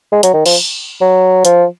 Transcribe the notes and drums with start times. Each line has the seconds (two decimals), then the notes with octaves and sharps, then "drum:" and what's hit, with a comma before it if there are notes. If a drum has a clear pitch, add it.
0.12 G#3
0.23 F#3, drum: hi-hat
0.34 D#3
0.46 F3, drum: cymbal
1.01 F#3
1.45 F3, drum: hi-hat